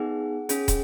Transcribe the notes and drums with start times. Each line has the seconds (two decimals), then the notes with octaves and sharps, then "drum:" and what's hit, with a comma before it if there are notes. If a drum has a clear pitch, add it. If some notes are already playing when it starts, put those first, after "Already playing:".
Already playing: B3 D#4 G#4 F#5
0.49 C#4 G#4, drum: hi-hat
0.68 drum: kick, hi-hat